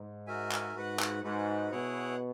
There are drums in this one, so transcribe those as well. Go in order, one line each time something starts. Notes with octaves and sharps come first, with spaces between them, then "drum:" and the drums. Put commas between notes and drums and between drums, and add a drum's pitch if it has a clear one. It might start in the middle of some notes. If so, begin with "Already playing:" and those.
Already playing: G#2
F#4 A#4 E5 G#5
drum: clap
G#2 F#4 B4 F#5
drum: clap
G#2 F#4 B4 F#5
B2 E4 G#4 C#5 F#5